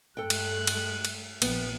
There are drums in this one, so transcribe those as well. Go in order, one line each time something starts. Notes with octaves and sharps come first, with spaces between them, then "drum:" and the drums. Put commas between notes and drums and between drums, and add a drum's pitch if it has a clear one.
G2 G#3 A3 A4 G5 F#6
drum: cymbal
drum: cymbal
drum: cymbal
A#1 F3 B3, drum: cymbal